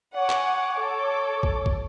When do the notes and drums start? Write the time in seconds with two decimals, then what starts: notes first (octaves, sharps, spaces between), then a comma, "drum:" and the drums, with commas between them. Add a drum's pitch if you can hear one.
0.16 C#5 F#5 G#5 D6
0.30 drum: clap
0.75 A4 D6
1.43 drum: kick
1.66 drum: kick